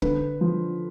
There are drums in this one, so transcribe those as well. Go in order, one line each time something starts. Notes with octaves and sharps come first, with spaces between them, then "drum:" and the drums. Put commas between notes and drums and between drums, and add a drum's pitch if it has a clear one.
D3 B4, drum: kick
F3